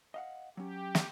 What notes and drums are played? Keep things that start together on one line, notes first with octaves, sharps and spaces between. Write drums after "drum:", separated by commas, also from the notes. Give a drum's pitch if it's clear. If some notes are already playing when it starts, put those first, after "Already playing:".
D#5 F5 F#5
F#3 C#4 G4
drum: snare